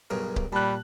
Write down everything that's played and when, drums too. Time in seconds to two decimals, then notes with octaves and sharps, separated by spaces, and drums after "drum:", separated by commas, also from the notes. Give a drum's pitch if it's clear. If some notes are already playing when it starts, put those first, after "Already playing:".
0.10 B1 G2 C#3 A#4
0.36 drum: kick C#1
0.53 A#2 G3 A5 B5 F#6